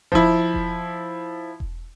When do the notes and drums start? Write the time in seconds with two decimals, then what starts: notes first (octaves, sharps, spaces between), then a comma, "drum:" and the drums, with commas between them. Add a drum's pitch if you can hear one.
0.12 F3 E4, drum: kick E1
0.54 drum: kick E1
1.60 drum: kick E1